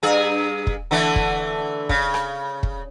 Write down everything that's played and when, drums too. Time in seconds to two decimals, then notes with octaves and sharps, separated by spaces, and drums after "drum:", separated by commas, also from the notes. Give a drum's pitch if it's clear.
0.03 G2 G#4
0.67 drum: kick
0.91 D3 E3 A3
1.16 drum: kick
1.89 C#3, drum: kick
2.14 drum: rim click
2.63 drum: kick